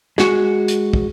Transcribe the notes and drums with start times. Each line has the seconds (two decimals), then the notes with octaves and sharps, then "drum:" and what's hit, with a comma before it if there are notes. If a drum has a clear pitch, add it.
0.18 G#3 F#4, drum: snare
0.68 drum: hi-hat
0.93 drum: kick